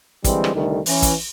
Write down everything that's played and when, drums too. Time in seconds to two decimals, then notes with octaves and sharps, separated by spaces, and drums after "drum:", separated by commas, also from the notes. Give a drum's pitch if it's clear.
0.24 D3 E3 G3 G#3 C4, drum: kick, hi-hat
0.44 drum: rim click
0.55 C2 D3 D#3 G3 A3
0.86 E3 C#4, drum: open hi-hat
1.02 drum: kick, hi-hat